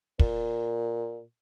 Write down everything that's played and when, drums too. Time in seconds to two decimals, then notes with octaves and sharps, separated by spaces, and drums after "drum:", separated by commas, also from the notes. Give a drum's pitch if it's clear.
0.19 A#2, drum: kick